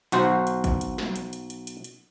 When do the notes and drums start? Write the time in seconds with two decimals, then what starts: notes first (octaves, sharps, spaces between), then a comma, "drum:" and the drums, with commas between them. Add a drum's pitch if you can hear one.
0.12 B1 F#4 C5, drum: hi-hat
0.47 drum: hi-hat
0.64 drum: kick G#1, hi-hat
0.81 drum: hi-hat
0.98 drum: snare
1.16 drum: hi-hat
1.33 drum: hi-hat
1.50 drum: hi-hat
1.67 drum: hi-hat
1.84 drum: hi-hat